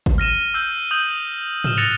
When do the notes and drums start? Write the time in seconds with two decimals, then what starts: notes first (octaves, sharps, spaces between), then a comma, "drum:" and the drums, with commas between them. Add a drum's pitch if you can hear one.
0.06 drum: kick G#1
0.18 F6 A#6 D#7 E7
0.54 E6 G6
0.91 D#6 G6 F#7
1.64 F6 E7, drum: tom
1.77 F#6 A6 A#6 C#7 E7 F7